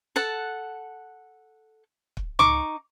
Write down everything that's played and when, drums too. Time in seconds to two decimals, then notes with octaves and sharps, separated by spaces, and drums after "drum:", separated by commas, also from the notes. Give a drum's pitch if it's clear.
0.16 A4 F#5 A5
2.17 drum: kick
2.39 D#4 C#6 D6, drum: tom C#2